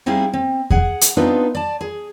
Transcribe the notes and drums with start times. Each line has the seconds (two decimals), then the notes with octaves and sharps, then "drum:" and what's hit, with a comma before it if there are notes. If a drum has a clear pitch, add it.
0.06 G3 C4 D#4 E4 G#4 F5
0.33 C4
0.70 G#4 F#5, drum: kick E2
1.01 drum: hi-hat
1.17 B3 C4 D4 D#4 F4 B4
1.55 D5 A5
1.81 G#4